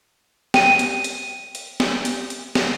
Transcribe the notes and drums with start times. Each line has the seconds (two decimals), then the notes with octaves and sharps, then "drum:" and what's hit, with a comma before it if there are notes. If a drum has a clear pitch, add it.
0.54 G5 D#7, drum: snare
0.79 drum: hi-hat
1.04 drum: hi-hat
1.55 drum: hi-hat
1.80 drum: snare
2.05 drum: hi-hat
2.30 drum: hi-hat
2.55 drum: snare